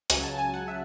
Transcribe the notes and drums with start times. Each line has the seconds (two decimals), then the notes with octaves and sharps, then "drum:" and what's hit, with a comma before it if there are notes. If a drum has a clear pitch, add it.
0.10 C#2 C#3 F#3 G#5, drum: hi-hat
0.24 A5
0.35 A5
0.38 G#5
0.54 F#5
0.68 E5